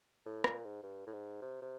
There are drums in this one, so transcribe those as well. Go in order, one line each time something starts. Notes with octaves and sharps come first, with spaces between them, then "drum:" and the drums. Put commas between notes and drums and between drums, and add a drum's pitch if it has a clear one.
A2
A#2, drum: rim click
G#2
G2
A2
G#2
C3
C3